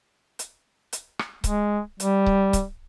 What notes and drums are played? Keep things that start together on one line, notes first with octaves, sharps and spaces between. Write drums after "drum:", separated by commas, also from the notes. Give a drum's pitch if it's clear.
drum: hi-hat
drum: hi-hat
drum: rim click
G#3, drum: kick C#1, hi-hat
G3, drum: hi-hat
drum: kick C#1
drum: kick C#1, hi-hat